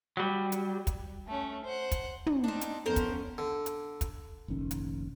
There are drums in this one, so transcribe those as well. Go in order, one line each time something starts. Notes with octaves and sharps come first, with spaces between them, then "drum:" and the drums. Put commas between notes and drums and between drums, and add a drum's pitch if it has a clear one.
F#3 G3
drum: hi-hat
drum: kick, hi-hat
A3 C#4
C5 F#5
drum: kick, hi-hat
drum: tom
C4 D4 D#4
drum: hi-hat
F2 B3 C#4 A4 A#4 C5
drum: kick, hi-hat
D3
drum: hi-hat
drum: kick, hi-hat
F1 A#1 D#3 C#4
drum: hi-hat